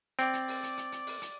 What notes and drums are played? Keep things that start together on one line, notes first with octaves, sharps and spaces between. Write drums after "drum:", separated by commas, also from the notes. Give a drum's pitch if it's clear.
C4 D5 G5, drum: hi-hat
drum: hi-hat
drum: open hi-hat
drum: hi-hat
drum: hi-hat
drum: hi-hat
drum: open hi-hat
drum: hi-hat